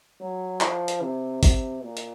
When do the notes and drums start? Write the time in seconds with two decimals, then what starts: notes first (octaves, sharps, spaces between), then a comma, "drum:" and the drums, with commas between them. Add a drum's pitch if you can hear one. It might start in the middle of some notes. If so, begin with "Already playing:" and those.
0.20 F#3
0.61 F3, drum: clap
0.88 drum: hi-hat
1.02 C3
1.43 C3, drum: kick G#1, open hi-hat
1.83 A#2
1.97 drum: hi-hat